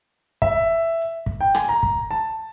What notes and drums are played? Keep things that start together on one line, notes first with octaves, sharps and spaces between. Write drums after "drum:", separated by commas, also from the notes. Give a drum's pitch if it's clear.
E5, drum: kick
drum: kick
G5
G#5, drum: rim click
A#5
drum: kick
A5